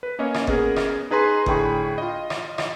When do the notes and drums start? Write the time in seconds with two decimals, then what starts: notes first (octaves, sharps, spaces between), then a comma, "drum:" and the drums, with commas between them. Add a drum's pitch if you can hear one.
0.03 B4
0.19 A#3 C#4 C#5 D#5
0.34 drum: rim click
0.47 B3 C#4 G#4 A#4, drum: kick F#1
0.76 drum: rim click
1.11 D#4 G#4 B4 A#5 C6
1.46 A2 D3 G#4 G5 B5 C#6, drum: kick F#1
1.98 F4 D#5
2.30 drum: rim click
2.58 drum: rim click